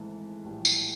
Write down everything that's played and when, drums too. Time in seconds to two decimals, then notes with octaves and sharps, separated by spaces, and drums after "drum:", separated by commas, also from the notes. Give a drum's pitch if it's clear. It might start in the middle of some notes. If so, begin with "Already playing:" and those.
Already playing: G#1 G#2 E3 A3 A5
0.44 A#1 A2 E3 G3 A5
0.65 drum: tambourine